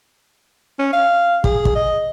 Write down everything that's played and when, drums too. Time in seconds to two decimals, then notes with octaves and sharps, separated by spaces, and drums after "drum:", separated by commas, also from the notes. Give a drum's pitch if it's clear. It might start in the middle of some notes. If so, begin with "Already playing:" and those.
0.79 C#4
0.93 F5
1.44 G#4, drum: kick
1.65 drum: kick
1.75 D#5